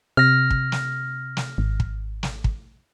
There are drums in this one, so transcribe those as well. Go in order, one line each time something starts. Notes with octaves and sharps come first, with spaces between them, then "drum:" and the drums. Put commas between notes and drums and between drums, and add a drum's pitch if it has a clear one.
C3 F6 A#6
drum: kick
drum: snare
drum: snare
G#1
drum: kick
drum: snare
drum: kick